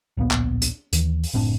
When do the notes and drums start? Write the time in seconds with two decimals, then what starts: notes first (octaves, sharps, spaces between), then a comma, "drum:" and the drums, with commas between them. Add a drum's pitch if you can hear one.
0.17 D1 A#1 A#3 B3
0.31 drum: clap
0.62 drum: hi-hat
0.93 D#2 E3, drum: hi-hat
1.24 drum: open hi-hat
1.33 F#1 A2 C4 D4